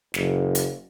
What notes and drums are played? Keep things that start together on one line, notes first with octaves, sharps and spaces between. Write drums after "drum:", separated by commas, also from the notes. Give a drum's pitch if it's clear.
F#1, drum: snare
drum: hi-hat